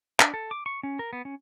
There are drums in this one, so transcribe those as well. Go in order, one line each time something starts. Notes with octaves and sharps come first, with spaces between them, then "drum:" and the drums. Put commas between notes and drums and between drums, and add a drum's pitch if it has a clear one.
D4, drum: clap
A4
D6
C#6
C#4
A#4
B3
C#4